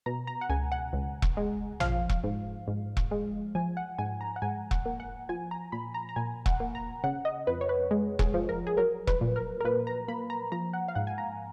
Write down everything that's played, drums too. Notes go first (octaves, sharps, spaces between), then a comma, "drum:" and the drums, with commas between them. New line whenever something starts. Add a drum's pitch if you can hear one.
B2 A#5
A#5
F#5
C#2 G#5
F#5
C#2
drum: kick E1
G#3
F3 F5, drum: tom A1
drum: kick E1
G#2
G#2
drum: kick E1
G#3
F3 G#5
F#5
G#2 G#5
A#5
F#5
G#2 G#5
F#5, drum: kick E1
A#3
F#5
F3 G#5
A#5
A#2 B5
A#5
A#5
A#2 G#5
F#5, drum: kick E1
A#3
A#5
C#3 F#5
D#5
F2 B4
C#5
B4
G#3
G#4, drum: kick E1
F3
A#4
G#4
F#3 A#4
B4, drum: kick E1
A#2
A#4
A#4
A#2 B4
A#5
A#3 B5
A#5
F3 A#5
F#5
F5
G#2 F#5
G#5
A#5